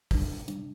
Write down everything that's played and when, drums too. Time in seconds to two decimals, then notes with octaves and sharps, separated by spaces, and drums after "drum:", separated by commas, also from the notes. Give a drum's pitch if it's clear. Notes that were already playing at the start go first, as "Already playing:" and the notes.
0.11 D2 C3 G3 D4, drum: kick, open hi-hat
0.48 C3 G3 D4, drum: hi-hat